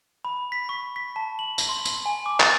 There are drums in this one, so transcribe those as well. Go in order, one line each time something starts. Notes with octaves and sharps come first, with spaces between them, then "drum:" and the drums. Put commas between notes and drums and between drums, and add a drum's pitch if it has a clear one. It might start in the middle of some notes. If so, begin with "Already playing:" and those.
B5
B6
C#6
B6
A5
F#7
drum: tambourine
C6
drum: tambourine
G#5
D6
A6, drum: clap